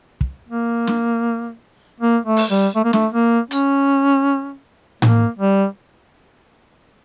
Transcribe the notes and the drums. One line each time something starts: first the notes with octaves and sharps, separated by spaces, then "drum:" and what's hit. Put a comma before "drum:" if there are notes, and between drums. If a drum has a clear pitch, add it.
drum: kick
A#3
drum: snare
A#3
A3
drum: open hi-hat
G3
A3
A#3
A3, drum: snare
A#3
C#4, drum: hi-hat
A#3, drum: tom A2
G3